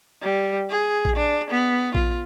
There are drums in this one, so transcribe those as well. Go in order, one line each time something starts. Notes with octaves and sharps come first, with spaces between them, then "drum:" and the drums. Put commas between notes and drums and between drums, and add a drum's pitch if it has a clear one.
G3
G#4
drum: kick A#1
D4
B3
F4, drum: kick A#1